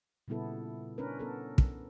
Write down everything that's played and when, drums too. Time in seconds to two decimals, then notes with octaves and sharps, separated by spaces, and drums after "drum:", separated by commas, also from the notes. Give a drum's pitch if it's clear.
0.28 A#2 C#3 G3 B3 E4 A4
0.98 C#4 D4 A#4 B4
1.19 B3 A4 A#4
1.58 drum: kick